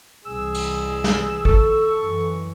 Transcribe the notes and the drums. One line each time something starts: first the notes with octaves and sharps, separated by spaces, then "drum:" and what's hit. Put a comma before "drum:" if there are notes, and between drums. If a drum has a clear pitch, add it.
C2 E3 G#4 E6
drum: cymbal
drum: snare
A4 C#6, drum: kick A1
F#2 E3